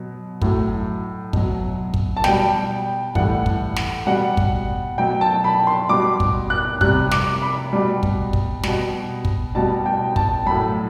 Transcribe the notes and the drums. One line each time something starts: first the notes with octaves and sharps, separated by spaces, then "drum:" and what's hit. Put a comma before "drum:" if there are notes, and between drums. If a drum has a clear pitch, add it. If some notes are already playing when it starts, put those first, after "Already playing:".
Already playing: B2 F#3
A2 F#3, drum: kick
B2 F#3, drum: kick
drum: kick
A5
B2 G3 G5, drum: snare
A2 E3 G3 F#5, drum: kick
drum: kick
drum: snare
B2 G3 F#5
drum: kick
B2 F#3 G5
A5
B5
C6
B2 G3 D6
drum: kick
F#6
C3 G3 F#6, drum: kick
D6, drum: snare
B5
B2 G3
drum: kick
drum: kick
B2 G3, drum: snare
drum: kick
B2 G3 A5
G5
A5, drum: kick
A2 F#3 B5